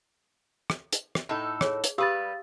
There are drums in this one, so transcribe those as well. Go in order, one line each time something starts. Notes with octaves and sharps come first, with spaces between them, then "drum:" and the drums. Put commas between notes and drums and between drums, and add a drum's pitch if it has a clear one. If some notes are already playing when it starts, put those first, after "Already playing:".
drum: rim click
drum: hi-hat
drum: rim click
A2 D#4 A4
G#4 C#5, drum: rim click
drum: hi-hat
G3 G4 B4 F5 D#6 E6 A6